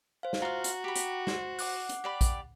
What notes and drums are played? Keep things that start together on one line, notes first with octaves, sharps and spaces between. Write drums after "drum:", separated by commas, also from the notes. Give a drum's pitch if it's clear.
C5 F5
drum: snare
F4 F#4 F5 A#5
drum: hi-hat
G4 B5
drum: hi-hat
C5, drum: snare
F#5 D6 F#6, drum: open hi-hat
drum: hi-hat
G4 D5 B5
drum: kick A#1, hi-hat